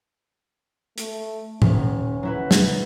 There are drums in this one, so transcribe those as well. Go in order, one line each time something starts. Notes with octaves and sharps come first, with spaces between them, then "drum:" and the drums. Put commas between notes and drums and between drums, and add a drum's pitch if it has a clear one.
A3, drum: hi-hat
D#1 C#4, drum: tom A2
F#3 E4 B4
drum: snare